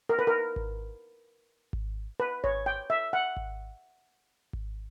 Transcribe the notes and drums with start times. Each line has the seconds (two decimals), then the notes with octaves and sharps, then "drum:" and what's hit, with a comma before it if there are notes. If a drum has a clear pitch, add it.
0.09 A#4
0.19 B4
0.27 A#4
0.56 drum: kick G#1
1.73 drum: kick G#1
2.20 B4
2.44 C#5, drum: kick G#1
2.66 G5
2.90 E5
3.13 F#5
3.37 drum: kick G#1
4.53 drum: kick G#1